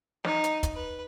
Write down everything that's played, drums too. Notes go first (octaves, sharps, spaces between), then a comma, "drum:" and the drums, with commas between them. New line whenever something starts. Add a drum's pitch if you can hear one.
D#4, drum: snare
drum: hi-hat
drum: kick, hi-hat
B4